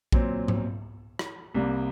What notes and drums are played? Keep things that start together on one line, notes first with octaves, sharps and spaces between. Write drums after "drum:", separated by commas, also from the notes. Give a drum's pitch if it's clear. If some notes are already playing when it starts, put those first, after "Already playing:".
A#2 F#3 C4, drum: kick A#1
drum: tom G#2
drum: rim click
C2 C3 G3 A#3